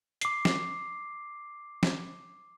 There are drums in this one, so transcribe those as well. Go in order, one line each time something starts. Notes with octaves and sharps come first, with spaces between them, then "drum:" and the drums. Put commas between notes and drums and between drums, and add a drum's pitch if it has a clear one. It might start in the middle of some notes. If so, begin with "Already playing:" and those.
D6 C7, drum: hi-hat
drum: snare
drum: snare